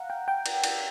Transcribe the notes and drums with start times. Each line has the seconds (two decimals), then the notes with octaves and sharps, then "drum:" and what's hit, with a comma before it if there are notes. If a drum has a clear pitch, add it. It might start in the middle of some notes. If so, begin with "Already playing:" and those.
Already playing: F5 F#5 A#5
0.10 G5
0.28 G5
0.46 drum: cymbal
0.64 drum: cymbal